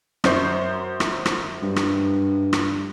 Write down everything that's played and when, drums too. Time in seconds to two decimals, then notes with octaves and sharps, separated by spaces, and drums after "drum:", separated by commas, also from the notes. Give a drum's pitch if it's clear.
0.24 F#2 C5 C#6, drum: rim click
1.00 drum: rim click
1.26 drum: rim click
1.63 G2
1.76 drum: rim click
2.53 drum: rim click